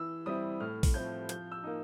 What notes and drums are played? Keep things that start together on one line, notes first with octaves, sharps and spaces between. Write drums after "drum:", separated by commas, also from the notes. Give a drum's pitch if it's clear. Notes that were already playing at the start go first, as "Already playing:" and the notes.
Already playing: E3 E6
G3 C4 E4 D#6
A2 F6
drum: kick A#1, open hi-hat
F3 A3 C4 E4 G6
F3 G6, drum: hi-hat
E6
A#3 D#4